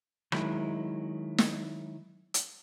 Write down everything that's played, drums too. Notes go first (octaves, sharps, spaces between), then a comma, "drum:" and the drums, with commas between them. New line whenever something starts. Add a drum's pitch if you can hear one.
D#3 F#3 G#3 E4, drum: rim click
drum: snare
drum: hi-hat